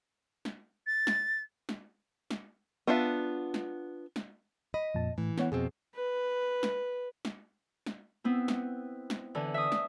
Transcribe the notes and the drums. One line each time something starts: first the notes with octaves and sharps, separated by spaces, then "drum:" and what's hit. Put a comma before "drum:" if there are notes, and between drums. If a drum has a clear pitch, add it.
drum: snare
A6
drum: snare
drum: snare
drum: snare
B3 D4 F4 E5
drum: snare
drum: snare
D#5 B5
F2 A#2 A5
A2 E3
B3 C#5 F#5, drum: snare
F2 B2 C4 G#4
B4
drum: snare
drum: snare
drum: snare
B3 C4 E4
drum: snare
drum: snare
D3 E3
E5 D#6
drum: snare